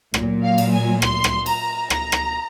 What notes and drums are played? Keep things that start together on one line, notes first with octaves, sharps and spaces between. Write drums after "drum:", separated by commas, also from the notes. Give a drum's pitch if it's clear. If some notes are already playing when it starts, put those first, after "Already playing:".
A#2 F#3, drum: rim click
F5
drum: cymbal
G#5
C6, drum: rim click
drum: rim click
A#5, drum: cymbal
A#5, drum: rim click
drum: rim click